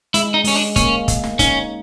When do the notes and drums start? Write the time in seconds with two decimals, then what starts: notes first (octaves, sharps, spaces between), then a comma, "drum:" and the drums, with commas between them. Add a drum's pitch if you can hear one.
0.14 G#3 E4, drum: hi-hat
0.34 D#4
0.44 G#3 C#4, drum: open hi-hat
0.55 D4
0.76 A#3 C#4, drum: kick, hi-hat
1.08 drum: kick, hi-hat
1.24 drum: snare
1.39 C#4 D#4, drum: kick, hi-hat